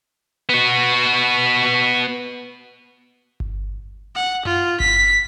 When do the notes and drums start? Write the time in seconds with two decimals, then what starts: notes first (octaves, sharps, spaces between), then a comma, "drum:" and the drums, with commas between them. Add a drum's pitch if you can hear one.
0.49 B3 F#4
3.40 drum: kick G1
4.15 F#5
4.45 F4, drum: tom F#2
4.80 B6, drum: kick G1